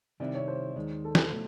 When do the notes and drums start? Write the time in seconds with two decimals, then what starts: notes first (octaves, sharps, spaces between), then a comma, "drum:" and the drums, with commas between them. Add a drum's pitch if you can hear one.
0.20 C3 D#3 G3 C4 E4 D5
0.34 C#5
0.48 C5
0.76 D#2 D#3 G#3
1.05 A4
1.15 drum: snare
1.32 B2 F#3 A3